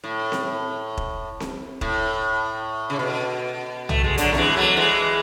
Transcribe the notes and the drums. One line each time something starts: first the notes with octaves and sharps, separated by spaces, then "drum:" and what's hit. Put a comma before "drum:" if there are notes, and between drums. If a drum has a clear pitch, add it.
A2
drum: snare C4
drum: kick E1
drum: snare C4
A2, drum: kick E1
C#3
B2
A3, drum: tom
G#3
D3 F#3, drum: hi-hat
A3, drum: snare C4
E3 G#3
F#3 A3
E3 G#3